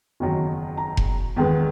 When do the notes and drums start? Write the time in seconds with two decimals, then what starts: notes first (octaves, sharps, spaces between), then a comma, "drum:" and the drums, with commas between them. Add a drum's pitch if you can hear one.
0.20 F#1 E2 D#3 F#3
0.77 A#5
0.97 drum: kick F1
1.36 E2 D#3 G#3 B3